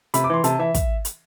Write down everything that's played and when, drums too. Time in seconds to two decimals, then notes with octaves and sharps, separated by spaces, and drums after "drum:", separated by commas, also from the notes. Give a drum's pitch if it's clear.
0.14 C3 B5, drum: hi-hat
0.24 D6
0.30 E3 C6
0.44 C3 A5, drum: hi-hat
0.59 E3 E5
0.74 drum: kick, hi-hat
1.05 drum: hi-hat